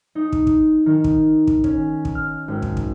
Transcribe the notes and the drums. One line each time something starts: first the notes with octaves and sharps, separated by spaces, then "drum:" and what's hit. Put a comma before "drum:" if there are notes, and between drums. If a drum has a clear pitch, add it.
D#4
drum: kick
drum: kick
D#3
drum: kick
drum: kick
C#4, drum: kick
drum: kick
F6
G#1
drum: kick
drum: kick